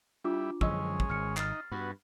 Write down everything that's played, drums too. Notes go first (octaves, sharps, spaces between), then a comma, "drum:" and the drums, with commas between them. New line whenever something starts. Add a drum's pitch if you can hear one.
G3 D4 E4 F4 D6
F#2 D3 F3 G#3 C#4 D#5 E6, drum: kick
drum: kick
G#1 F6 C#7
D#4 F6 A6 C7, drum: clap
G2 B3 F#4